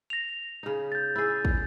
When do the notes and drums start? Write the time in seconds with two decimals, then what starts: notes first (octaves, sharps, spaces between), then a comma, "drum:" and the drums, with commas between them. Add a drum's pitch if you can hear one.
0.10 A#6 F7
0.63 C#3 D#4
0.92 G6 A6
1.16 E4 G#4
1.45 drum: kick